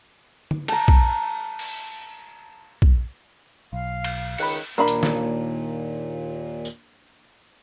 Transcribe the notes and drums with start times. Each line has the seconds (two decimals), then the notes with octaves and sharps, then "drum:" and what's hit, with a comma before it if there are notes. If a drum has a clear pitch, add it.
0.51 drum: tom
0.68 A5 A#5, drum: cymbal
0.88 drum: kick
1.59 drum: cymbal
2.82 drum: kick
3.73 B1 F5
4.04 drum: cymbal
4.38 C#2 D#3 B5 F#6 C#7, drum: cymbal
4.78 D#2 A#2 A#3 D4 B5
4.88 drum: hi-hat
5.03 drum: snare
6.65 drum: tambourine